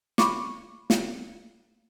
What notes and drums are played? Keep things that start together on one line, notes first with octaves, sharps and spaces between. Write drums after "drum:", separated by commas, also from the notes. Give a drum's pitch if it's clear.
B5 C#6 D6, drum: snare
drum: snare